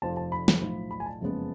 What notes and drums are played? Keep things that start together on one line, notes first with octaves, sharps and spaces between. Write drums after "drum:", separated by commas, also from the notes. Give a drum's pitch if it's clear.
F1 F2 F3 A5
A5
B5
drum: snare
B1 A2 F3
B5
G#5
A5
F#1 F2 C#3 G#3 B3